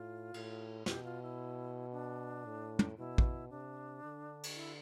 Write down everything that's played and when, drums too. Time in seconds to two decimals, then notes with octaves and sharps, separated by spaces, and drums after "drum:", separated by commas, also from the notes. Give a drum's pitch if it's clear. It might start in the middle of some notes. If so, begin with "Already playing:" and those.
Already playing: A2 F4
0.34 A2, drum: cymbal
0.86 B2 G4, drum: snare
1.04 F4
1.22 E4
1.92 D4
2.45 A2
2.79 drum: tom
2.97 B2 E4
3.18 drum: kick A1
3.50 C3 D4
4.04 D3
4.43 drum: cymbal
4.56 E4